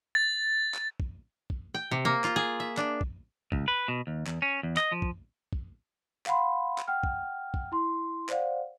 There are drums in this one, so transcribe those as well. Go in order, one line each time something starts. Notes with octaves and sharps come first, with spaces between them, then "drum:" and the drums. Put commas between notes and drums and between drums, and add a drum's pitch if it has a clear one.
A6
drum: clap
drum: kick
drum: kick
G5
C3
A#3
F4, drum: clap
G#4
E5
D4, drum: clap
drum: kick
C#2, drum: kick
B4
B2
D#2
E2, drum: clap
C#4
E2
D#5, drum: clap
F3
drum: kick
drum: kick
F5 F#5 B5 C6, drum: clap
drum: clap
F#5 G5 F6
drum: kick
drum: kick
E4 C6
C5 D5 F5 F#5, drum: clap